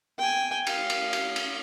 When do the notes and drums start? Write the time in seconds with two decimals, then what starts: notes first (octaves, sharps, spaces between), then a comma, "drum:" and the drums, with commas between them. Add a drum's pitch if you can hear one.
0.19 G5 G#5
0.67 F5, drum: cymbal
0.90 drum: cymbal
1.13 drum: cymbal
1.36 drum: cymbal